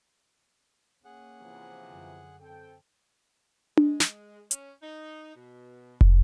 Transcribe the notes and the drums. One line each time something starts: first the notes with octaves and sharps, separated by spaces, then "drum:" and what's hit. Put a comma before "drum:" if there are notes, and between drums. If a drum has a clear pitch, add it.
A#3 C#4 G#4 F#5
C3 E3 F3
F#2 D3
C4 A4 G5
G#3, drum: tom D4
drum: snare
C#4, drum: hi-hat
D#4
B2
drum: kick